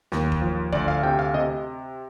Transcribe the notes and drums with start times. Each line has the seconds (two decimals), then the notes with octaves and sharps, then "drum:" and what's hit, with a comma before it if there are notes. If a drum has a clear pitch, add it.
0.12 D#2, drum: snare
0.32 drum: kick
0.42 F3
0.73 D2 D5, drum: kick
0.88 F5
1.03 C3 G5
1.19 F5
1.34 C3 D#5